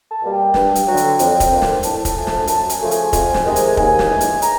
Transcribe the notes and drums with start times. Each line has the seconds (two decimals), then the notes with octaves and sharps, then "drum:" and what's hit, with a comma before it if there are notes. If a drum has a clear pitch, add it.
0.10 A5
0.21 B2 G3 A#3
0.32 G5
0.54 G2, drum: snare
0.75 drum: hi-hat
0.86 D3 F#3
0.97 drum: hi-hat
1.19 F2, drum: hi-hat
1.40 drum: kick, hi-hat
1.51 D3 F3 A#3
1.62 drum: snare
1.83 A2 A5, drum: hi-hat
2.05 A5, drum: kick, hi-hat
2.16 F3 A3 G#5
2.27 A5, drum: snare
2.47 F#2 A5, drum: hi-hat
2.69 G#5, drum: hi-hat
2.81 C#3 F3 A3
2.91 G#5, drum: hi-hat
3.13 F2, drum: kick, hi-hat
3.34 drum: snare
3.45 C3 D#3 G#3
3.56 drum: hi-hat
3.77 D#2 G#5, drum: kick
3.99 drum: snare
4.10 C#3 E3 G#3
4.21 drum: hi-hat
4.42 A#5, drum: hi-hat